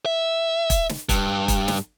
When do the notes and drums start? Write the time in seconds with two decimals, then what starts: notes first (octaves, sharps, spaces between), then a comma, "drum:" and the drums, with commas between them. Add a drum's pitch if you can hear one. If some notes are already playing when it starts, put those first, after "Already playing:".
0.06 E5
0.70 drum: kick, hi-hat
0.89 drum: snare
1.09 G2, drum: kick, hi-hat
1.48 drum: kick, hi-hat
1.68 drum: snare